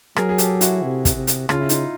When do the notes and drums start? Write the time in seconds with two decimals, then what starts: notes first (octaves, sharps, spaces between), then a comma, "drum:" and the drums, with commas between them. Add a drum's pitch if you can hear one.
0.16 F#3 G#4 A#4, drum: rim click
0.29 G#4
0.38 G4 A4, drum: hi-hat
0.61 E4 F#4, drum: hi-hat
0.83 C3
1.05 drum: kick, hi-hat
1.16 C3
1.27 drum: hi-hat
1.49 C#3 F4, drum: rim click
1.60 E4
1.69 D#4 F4, drum: hi-hat